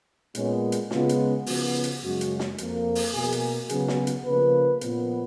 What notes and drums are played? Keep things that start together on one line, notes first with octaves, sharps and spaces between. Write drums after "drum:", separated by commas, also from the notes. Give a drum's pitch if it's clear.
A#2 G#3 B3 C#4, drum: hi-hat
drum: hi-hat
C#3 G#3 B3 F4, drum: snare
drum: hi-hat
C#3 F3 B3 F#4, drum: open hi-hat
drum: hi-hat
F#2 C#3 G#3 F#4
drum: hi-hat
drum: snare
F2 F3 A#3, drum: hi-hat
drum: open hi-hat
B2 A#3 G#4
drum: hi-hat
C#3 F#3 B3 G#4, drum: hi-hat
drum: snare
drum: hi-hat
C#3 F3 A#3 B4
A#2 F3 B3, drum: hi-hat